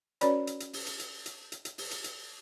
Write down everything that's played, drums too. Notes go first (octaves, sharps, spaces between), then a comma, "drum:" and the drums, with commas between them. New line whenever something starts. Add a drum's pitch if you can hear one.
C#4 F#4 B4 C#5 D5 B5, drum: hi-hat
drum: hi-hat
drum: hi-hat
drum: open hi-hat
drum: hi-hat
drum: hi-hat
drum: hi-hat
drum: hi-hat
drum: hi-hat
drum: open hi-hat
drum: hi-hat
drum: hi-hat